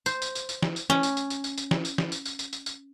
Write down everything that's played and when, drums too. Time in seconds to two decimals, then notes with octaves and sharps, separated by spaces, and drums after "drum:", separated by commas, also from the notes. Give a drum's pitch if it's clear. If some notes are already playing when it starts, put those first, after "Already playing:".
0.06 C5, drum: tambourine
0.22 drum: tambourine
0.35 drum: tambourine
0.49 drum: tambourine
0.62 drum: snare
0.76 drum: tambourine
0.90 C#4, drum: snare
1.03 drum: tambourine
1.17 drum: tambourine
1.30 drum: tambourine
1.44 drum: tambourine
1.58 drum: tambourine
1.71 drum: snare
1.85 drum: tambourine
1.98 drum: snare
2.12 drum: tambourine
2.25 drum: tambourine
2.39 drum: tambourine
2.53 drum: tambourine
2.66 drum: tambourine